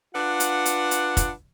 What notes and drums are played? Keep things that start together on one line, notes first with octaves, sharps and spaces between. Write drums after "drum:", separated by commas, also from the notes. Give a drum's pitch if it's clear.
D4 F4 B4 F#5
drum: hi-hat
drum: hi-hat
drum: hi-hat
drum: kick, hi-hat